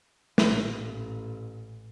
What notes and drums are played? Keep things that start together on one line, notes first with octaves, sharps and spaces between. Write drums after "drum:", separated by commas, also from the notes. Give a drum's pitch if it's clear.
A1 A#2, drum: snare